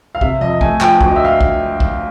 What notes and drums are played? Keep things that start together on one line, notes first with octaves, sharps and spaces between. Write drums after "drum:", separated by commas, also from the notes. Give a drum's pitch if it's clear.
F5
C3 E5, drum: kick
F2 D#5
A3 G#5, drum: kick
F3 G5, drum: clap
D2, drum: kick
D#5
E5
F5
drum: kick
drum: kick